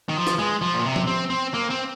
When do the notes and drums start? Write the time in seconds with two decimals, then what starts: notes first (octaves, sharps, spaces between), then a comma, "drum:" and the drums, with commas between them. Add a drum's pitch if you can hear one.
0.09 D#3
0.17 F3
0.27 drum: snare
0.39 G#3
0.62 F3
0.74 A#2
0.85 C3
0.96 drum: tom F3
1.07 C4
1.30 C4
1.54 A#3
1.70 C4